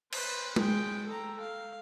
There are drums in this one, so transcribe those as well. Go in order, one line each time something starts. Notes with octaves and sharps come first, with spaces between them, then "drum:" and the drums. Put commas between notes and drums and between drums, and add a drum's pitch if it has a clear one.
B4 C5, drum: cymbal
G#3 G5, drum: tom
A4 A#5
F5